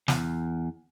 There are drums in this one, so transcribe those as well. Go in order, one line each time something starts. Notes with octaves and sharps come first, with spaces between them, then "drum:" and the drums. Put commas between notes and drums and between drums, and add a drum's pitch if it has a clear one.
E2, drum: snare